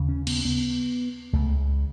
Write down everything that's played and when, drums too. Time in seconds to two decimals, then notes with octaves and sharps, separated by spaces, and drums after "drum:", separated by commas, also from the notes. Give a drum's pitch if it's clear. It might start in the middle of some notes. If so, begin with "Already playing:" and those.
Already playing: D#2 C#3
0.08 C#4
0.27 B3, drum: cymbal
0.45 B3
1.33 C#2 C#3 A3